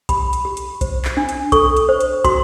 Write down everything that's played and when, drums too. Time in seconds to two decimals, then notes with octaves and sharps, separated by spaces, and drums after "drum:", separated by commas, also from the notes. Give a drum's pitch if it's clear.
0.09 G4 B5, drum: kick, hi-hat
0.33 drum: hi-hat
0.45 G4
0.57 drum: hi-hat
0.81 C5, drum: kick, hi-hat
1.05 drum: clap
1.17 D4
1.29 drum: hi-hat
1.52 A4 C#6, drum: kick, hi-hat
1.77 drum: hi-hat
1.89 C5
2.00 drum: hi-hat
2.24 F#4 C6, drum: kick, hi-hat